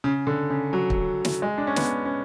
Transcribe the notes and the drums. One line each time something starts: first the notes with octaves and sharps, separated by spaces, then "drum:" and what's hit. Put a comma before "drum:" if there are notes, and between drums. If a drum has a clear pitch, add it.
C#3
D3
C#3
F#3
drum: kick
drum: snare
G#3
D4
C#4
B3, drum: snare
C#4